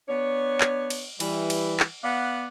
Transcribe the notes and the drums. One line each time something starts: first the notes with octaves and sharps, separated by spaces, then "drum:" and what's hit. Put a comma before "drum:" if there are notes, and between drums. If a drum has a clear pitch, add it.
B3 D4 C#5
drum: clap
drum: cymbal
E3 G3, drum: cymbal
drum: cymbal
drum: clap
B3 D5 F5 F#5